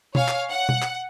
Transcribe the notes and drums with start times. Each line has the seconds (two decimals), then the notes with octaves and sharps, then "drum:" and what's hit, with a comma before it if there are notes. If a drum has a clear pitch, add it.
0.15 C#5 F5 G#5, drum: tom B2
0.28 drum: clap
0.50 F#5
0.69 drum: tom B2
0.82 drum: clap